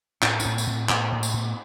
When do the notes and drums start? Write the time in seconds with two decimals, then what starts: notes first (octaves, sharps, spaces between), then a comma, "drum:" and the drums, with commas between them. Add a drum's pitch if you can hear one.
0.22 A2 C#4, drum: clap
0.40 D4, drum: tambourine
0.45 A2 C#4
0.58 B3, drum: tambourine
0.67 A2 C4
0.89 A2 B3, drum: clap
1.12 A2 A#3
1.23 drum: tambourine
1.34 A2 B3